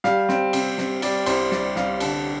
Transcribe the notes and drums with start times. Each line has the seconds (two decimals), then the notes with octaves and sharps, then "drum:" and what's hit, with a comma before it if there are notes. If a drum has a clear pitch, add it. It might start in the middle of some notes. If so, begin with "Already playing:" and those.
0.04 G3 F5, drum: snare
0.29 C4, drum: snare
0.53 C3, drum: cymbal
0.78 C3, drum: snare
1.02 G3 D5, drum: cymbal
1.26 C2 C5, drum: cymbal
1.52 G3 D5, drum: snare
1.76 C2 F5, drum: snare
2.00 D3 A5, drum: cymbal